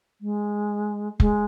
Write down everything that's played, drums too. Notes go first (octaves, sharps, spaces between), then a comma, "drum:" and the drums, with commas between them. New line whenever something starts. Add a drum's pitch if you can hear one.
G#3
G#3, drum: kick F1